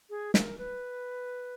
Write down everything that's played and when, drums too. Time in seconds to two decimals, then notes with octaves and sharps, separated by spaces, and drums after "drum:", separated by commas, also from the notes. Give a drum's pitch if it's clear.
0.10 G#4
0.34 A#4, drum: snare
0.58 B4